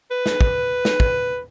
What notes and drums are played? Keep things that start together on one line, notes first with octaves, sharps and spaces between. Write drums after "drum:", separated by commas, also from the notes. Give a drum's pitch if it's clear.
B4
drum: snare
drum: kick
drum: snare
drum: kick